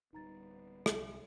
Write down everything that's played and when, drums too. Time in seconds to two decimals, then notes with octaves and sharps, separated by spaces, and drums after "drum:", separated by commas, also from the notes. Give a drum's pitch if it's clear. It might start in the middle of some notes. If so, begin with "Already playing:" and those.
0.13 D1 G3 B3 D#4 A#5 A6
0.86 C2 G#3 E5 F#7, drum: rim click